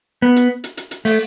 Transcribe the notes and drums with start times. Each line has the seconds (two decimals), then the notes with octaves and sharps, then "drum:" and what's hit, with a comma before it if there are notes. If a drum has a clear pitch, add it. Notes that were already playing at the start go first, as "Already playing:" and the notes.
0.22 B3
0.36 drum: hi-hat
0.64 drum: hi-hat
0.77 drum: hi-hat
0.91 drum: hi-hat
1.05 A3, drum: open hi-hat